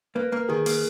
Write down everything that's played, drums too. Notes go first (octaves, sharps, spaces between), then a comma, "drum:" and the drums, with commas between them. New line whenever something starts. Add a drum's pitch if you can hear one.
A#3 B4
A#3 A#4
D#3 G#4
A#3, drum: open hi-hat